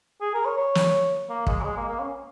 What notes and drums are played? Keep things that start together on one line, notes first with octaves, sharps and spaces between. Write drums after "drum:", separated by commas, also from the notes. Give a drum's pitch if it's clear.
G#4
A#4
C#5
C#5
drum: snare
A#3
G#3, drum: kick
F#3
G#3
A#3
A#3
C#4